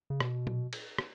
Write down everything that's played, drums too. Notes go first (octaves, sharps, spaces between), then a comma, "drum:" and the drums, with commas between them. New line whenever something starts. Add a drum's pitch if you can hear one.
C#3
B2, drum: rim click
drum: tom A#2
drum: cymbal
drum: rim click